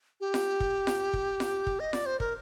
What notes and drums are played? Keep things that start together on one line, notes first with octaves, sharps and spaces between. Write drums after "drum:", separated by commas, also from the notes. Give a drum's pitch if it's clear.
G4
drum: snare F4
drum: kick
drum: snare F4
drum: kick
drum: snare F4
drum: kick
D#5
D5, drum: snare F4
C5
A#4, drum: kick